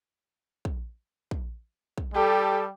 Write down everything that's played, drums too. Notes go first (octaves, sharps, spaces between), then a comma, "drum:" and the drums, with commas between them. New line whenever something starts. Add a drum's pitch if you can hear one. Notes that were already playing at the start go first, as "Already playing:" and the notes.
drum: kick
drum: kick
drum: kick
G3 G4 A4